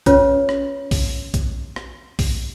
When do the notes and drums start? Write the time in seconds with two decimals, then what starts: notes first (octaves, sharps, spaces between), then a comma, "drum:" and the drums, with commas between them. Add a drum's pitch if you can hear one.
0.06 C#4 F4 B4 C#5, drum: kick, hi-hat
0.49 drum: rim click
0.91 drum: kick, open hi-hat
1.34 drum: kick, hi-hat
1.76 drum: rim click
2.19 drum: kick, open hi-hat